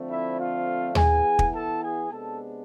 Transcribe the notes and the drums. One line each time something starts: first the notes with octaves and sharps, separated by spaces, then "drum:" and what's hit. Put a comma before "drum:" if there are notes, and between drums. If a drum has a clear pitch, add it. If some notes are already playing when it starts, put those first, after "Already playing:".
Already playing: D3 F3 A3 C4
E4 E5
F4 F5
E3 B3 E4 G#4 G#5, drum: tom D#2
drum: kick
A4 A5
G#4 G#5
C3 G#3 B3 D4 A4 A5